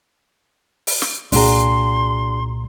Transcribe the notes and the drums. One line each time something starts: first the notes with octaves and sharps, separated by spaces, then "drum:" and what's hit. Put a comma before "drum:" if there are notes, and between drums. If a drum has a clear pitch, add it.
drum: open hi-hat
drum: snare
C2 A#2 D4 F#4 G#4 A#5 C6, drum: open hi-hat